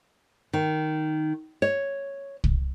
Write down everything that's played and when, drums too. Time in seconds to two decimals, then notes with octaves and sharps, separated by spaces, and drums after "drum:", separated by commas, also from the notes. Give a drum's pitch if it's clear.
0.53 D#3
1.62 C#5
2.44 drum: kick